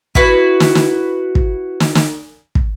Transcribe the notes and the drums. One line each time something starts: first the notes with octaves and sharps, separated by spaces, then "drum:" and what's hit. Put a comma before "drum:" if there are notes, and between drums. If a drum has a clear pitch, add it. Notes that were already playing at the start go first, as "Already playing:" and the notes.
E4 F#4 B4, drum: kick
drum: snare
drum: snare
drum: kick
drum: snare
drum: snare
drum: kick